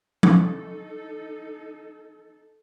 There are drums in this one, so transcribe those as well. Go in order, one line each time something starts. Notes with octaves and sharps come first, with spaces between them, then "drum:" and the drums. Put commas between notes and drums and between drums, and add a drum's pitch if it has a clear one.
D#4 A4, drum: tom F3